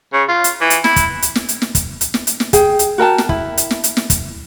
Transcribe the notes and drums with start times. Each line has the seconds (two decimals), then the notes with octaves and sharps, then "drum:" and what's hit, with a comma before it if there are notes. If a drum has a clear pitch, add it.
0.13 C#3
0.29 F4
0.44 drum: hi-hat
0.61 E3
0.70 drum: hi-hat
0.84 E4, drum: snare
0.96 drum: kick, hi-hat
1.22 drum: hi-hat
1.35 drum: snare
1.49 drum: hi-hat
1.62 drum: snare
1.75 drum: kick, hi-hat
2.01 drum: hi-hat
2.14 drum: snare
2.27 drum: hi-hat
2.40 drum: snare
2.53 G#4 G5, drum: kick, hi-hat
2.79 drum: hi-hat
2.98 F#4 A#4 G5 A5
3.18 drum: snare
3.29 E4, drum: kick
3.57 drum: hi-hat
3.71 drum: snare
3.84 drum: hi-hat
3.97 drum: snare
4.10 drum: kick, hi-hat